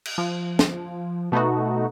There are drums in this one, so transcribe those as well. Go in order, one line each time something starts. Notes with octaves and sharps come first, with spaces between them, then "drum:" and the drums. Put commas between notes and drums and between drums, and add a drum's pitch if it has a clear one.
drum: cymbal
F3
drum: snare
B2 A3 B3 D#4 F#4